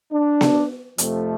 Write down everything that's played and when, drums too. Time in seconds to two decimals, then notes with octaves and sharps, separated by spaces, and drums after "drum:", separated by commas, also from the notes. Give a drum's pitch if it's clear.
0.12 D4
0.41 drum: snare B3
0.98 F2 C3 F3 A3, drum: hi-hat